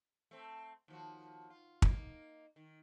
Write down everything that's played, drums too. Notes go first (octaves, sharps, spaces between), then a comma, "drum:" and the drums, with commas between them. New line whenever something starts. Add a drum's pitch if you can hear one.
A3 C4
D#2 F3 F#4
F4
A#3 D#4, drum: kick
D#3